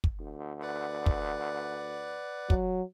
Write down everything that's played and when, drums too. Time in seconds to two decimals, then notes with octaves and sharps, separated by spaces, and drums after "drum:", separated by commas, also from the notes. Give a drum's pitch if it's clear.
0.04 drum: kick
0.20 D2
0.62 B4 D5 F#5
1.06 drum: kick
2.50 F#3, drum: kick